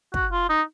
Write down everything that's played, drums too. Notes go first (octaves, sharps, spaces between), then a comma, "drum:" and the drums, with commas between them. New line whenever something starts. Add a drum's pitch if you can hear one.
F#4, drum: kick
F4
D#4